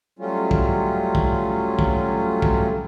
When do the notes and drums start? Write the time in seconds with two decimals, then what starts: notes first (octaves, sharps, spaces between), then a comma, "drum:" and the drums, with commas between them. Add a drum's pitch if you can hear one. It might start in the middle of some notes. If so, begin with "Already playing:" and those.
0.19 F#3 G3 A3 C#4 F4
0.51 drum: kick
1.15 drum: kick
1.79 drum: kick
2.42 drum: kick